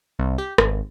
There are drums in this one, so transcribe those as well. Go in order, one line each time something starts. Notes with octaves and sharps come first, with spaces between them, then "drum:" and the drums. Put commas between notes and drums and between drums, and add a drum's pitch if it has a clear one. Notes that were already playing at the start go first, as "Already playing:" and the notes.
C2
G4
G#1, drum: rim click